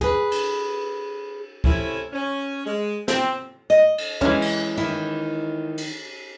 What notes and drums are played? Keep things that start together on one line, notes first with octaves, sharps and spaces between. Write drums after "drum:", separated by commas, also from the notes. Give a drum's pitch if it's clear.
G#4 B4, drum: tom
drum: cymbal
C3 A3 C#4 E4, drum: kick C#2
C#4
G#3
C4, drum: snare
D#5
drum: cymbal
E3 G#3 C#4, drum: tom
drum: cymbal
D#3 E4
drum: cymbal